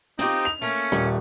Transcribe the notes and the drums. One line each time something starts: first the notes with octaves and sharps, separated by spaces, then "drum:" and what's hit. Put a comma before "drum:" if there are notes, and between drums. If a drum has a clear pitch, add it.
C4 D#4 F4 G4, drum: hi-hat
F7
A3 A#3 C#4
D#1, drum: hi-hat